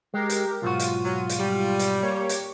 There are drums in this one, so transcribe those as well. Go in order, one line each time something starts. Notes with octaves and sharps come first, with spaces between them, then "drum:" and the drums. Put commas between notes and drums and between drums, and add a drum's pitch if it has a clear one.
G#3 G4 A#4
drum: hi-hat
B1 G#2 F4 F#4 D#7
drum: hi-hat
F#3
drum: hi-hat
G3
drum: hi-hat
A#3 G4 C#5
drum: hi-hat